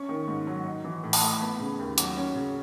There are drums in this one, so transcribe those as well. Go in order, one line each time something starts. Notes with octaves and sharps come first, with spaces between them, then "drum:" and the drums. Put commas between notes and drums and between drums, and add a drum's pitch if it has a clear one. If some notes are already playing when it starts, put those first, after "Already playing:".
Already playing: C#4 C#6
D#3
G#2
F#3
D#4
E3
A2
drum: open hi-hat
A3
B3 B5
C#3
D#2
F#3, drum: hi-hat
C#4
C#3